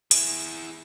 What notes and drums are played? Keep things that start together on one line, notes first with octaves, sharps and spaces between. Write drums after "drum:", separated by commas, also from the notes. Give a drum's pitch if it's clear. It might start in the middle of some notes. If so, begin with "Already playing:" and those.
E4 G#4, drum: hi-hat